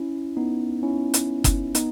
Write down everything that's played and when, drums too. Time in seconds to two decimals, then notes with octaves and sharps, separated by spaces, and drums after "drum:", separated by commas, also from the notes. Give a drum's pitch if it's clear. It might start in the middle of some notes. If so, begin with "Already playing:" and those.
Already playing: C#4 E4
0.37 B3 D#4
0.83 C#4 E4
1.14 drum: hi-hat
1.44 drum: kick F#1, hi-hat
1.75 B3 D#4, drum: hi-hat